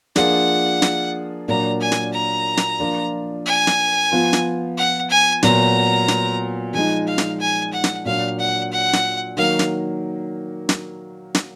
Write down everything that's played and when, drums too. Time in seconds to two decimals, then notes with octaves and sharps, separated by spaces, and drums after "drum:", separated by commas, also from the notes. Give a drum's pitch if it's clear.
0.16 F3 A#3 D4 F4 G#4 F#5, drum: snare
0.82 drum: snare
1.48 A#2 F#3 A#3 D4 A#5
1.80 G#5
1.92 drum: snare
2.13 A#5
2.57 drum: snare
2.80 F3 A#3 D4 F4
3.45 G#5
3.67 drum: snare
4.11 F3 B3 F4
4.33 drum: snare
4.77 F#5
5.10 G#5
5.43 A#2 F#3 B3 A#5, drum: snare
6.08 drum: snare
6.73 F3 G#3 D#4 G#5
7.07 F5
7.18 drum: snare
7.39 G#5
7.73 F#5
7.84 drum: snare
8.05 A#2 F#3 D4 F5
8.39 F#5
8.72 F#5
8.93 drum: snare
9.37 D#3 F#3 A#3 F5
9.59 drum: snare
10.69 drum: snare
11.35 drum: snare